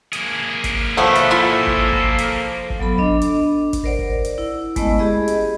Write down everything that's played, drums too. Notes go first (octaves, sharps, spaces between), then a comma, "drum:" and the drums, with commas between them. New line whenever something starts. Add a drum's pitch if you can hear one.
A#3 G#4, drum: hi-hat
drum: kick, hi-hat
F3 A3 B3 A4 F#5
drum: hi-hat
E4 F4 E5
drum: kick
drum: kick
drum: hi-hat
drum: kick
F#3 B3 A4 B5
D4 D#5, drum: kick
drum: hi-hat
drum: kick, hi-hat
A#4 C5 D5 F#5
drum: kick
drum: hi-hat
E4
G#3 A3 B3 C#4 E4 D#5, drum: kick, hi-hat
G4 G#4 D#5 B5
drum: hi-hat